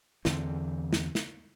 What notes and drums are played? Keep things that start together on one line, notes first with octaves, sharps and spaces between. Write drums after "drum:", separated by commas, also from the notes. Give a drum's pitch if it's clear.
E2 D3 E3 C4, drum: snare
drum: snare
drum: snare